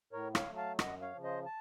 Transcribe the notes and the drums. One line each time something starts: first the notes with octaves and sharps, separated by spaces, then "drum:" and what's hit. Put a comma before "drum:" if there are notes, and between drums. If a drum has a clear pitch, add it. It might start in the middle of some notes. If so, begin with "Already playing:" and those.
A2 A#4 C#5
C#5 F5, drum: rim click
F#3 A3
F5 A5
F#2 D#5 F#5, drum: rim click
C#5 F5
C#3 F3
C5 D#5
A5